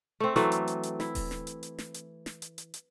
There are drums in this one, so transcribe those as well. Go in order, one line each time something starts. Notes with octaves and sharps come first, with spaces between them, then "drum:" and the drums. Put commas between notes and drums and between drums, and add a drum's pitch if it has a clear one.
A3 C4
E3 F#3 A3, drum: snare
drum: hi-hat
drum: hi-hat
drum: hi-hat
E4, drum: snare
drum: kick D#1, open hi-hat
drum: snare
drum: hi-hat
drum: hi-hat
drum: snare
drum: hi-hat
drum: snare
drum: hi-hat
drum: hi-hat
drum: hi-hat